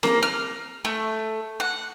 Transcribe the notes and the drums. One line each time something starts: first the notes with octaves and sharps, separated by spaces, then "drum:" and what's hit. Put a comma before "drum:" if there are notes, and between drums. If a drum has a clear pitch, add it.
A#3, drum: snare C4
F6
A3
F#5